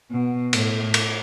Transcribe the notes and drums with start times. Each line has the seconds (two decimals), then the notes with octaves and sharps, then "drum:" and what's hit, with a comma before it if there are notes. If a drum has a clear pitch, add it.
0.11 B2
0.53 A2, drum: cymbal
0.94 drum: cymbal